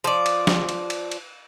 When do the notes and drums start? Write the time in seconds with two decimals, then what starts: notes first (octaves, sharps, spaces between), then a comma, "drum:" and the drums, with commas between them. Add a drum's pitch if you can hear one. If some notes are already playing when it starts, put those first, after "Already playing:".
0.04 F3 D5
0.26 drum: cymbal
0.47 drum: snare
0.69 drum: cymbal
0.90 drum: cymbal
1.11 drum: cymbal